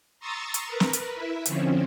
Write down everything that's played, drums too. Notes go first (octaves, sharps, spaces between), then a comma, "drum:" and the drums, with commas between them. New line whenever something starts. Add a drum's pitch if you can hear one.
A#5 C6 C#6 D#6 E6 A6
drum: hi-hat
A#4 B4
drum: snare
drum: hi-hat
E4 E5
D3 F3 C4 C#4, drum: hi-hat